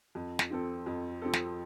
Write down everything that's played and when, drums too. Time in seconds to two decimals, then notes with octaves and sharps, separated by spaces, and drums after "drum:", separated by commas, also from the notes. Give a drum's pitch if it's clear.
0.15 F2
0.39 drum: snare
0.50 F3 C4 A4
0.86 F2
1.22 F3 C4 A4
1.33 drum: snare